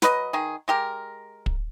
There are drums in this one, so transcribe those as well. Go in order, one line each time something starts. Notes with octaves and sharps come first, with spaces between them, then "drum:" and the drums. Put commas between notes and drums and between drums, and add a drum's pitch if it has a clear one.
F#3 B4 D#5, drum: snare
D#3 G#4
G#3 G4 A#4
drum: kick